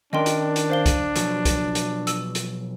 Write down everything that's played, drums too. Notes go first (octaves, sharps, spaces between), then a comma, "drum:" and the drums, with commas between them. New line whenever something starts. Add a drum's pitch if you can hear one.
D#3 C#4 D4 A#4 D#5 G5 C6
drum: hi-hat
drum: hi-hat
C5 F5 G7
drum: kick, hi-hat
B2 F3 F#3, drum: hi-hat
drum: kick, hi-hat
drum: hi-hat
E6, drum: hi-hat
drum: hi-hat